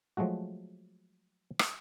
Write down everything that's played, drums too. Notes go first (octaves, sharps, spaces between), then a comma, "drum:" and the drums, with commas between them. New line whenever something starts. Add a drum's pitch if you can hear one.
F3 F#3 G#3 A3 F#4
drum: rim click